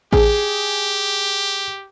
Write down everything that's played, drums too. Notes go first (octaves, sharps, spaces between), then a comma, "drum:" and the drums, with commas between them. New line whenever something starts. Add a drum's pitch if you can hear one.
G4 G#4, drum: kick A1